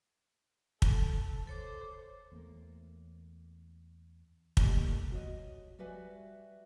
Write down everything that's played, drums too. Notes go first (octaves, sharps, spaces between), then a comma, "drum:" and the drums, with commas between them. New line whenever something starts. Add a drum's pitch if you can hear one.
A4, drum: kick
A4 C5 C#5 D6
E2 A3 A#3
D#3 G3 A3 A#3, drum: kick
F#4 C#5 D#5
G3 F#4 B4 E5 G#5